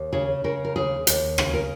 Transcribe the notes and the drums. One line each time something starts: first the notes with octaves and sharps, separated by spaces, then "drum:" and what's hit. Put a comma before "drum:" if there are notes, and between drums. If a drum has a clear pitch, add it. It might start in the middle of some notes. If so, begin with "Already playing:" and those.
Already playing: D#2
C#3 G#4
C#3 A#4
A#4
D#2 G#4
D#2, drum: hi-hat
C#3, drum: rim click
A#4